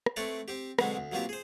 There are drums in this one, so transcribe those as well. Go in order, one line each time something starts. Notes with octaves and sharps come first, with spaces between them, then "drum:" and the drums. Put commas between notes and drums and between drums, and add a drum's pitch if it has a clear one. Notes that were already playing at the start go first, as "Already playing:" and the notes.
drum: rim click
A3 C4 B4 C#5 D5
C4 G4
B2 D3 F#3 G#3 B3 C4, drum: rim click
D2
B2 F#3 A#3 C4 F4 G4
G#4 C5